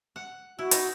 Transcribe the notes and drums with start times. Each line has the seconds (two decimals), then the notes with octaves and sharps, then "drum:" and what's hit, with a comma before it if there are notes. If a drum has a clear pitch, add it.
0.16 F#5
0.59 E4 F#4
0.71 D#4, drum: hi-hat